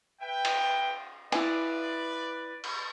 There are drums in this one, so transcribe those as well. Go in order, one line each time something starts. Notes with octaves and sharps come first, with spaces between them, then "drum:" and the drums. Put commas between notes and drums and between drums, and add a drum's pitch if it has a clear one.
B4 E5 G5
drum: cymbal
E4 B4 D5 G#5, drum: cymbal
drum: cymbal